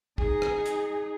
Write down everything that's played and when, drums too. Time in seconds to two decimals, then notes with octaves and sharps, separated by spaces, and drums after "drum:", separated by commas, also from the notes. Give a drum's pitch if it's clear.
0.18 D#4 G#4, drum: kick
0.42 drum: rim click
0.66 drum: hi-hat